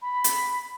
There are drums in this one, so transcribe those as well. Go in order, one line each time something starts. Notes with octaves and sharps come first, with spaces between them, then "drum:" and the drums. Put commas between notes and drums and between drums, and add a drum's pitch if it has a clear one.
B5
drum: hi-hat